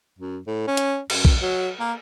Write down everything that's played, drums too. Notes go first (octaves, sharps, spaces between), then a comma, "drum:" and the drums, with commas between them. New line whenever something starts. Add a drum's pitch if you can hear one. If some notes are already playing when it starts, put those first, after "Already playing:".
F#2
A2
C#4
drum: hi-hat
F#2, drum: cymbal
drum: kick
F#3
A#3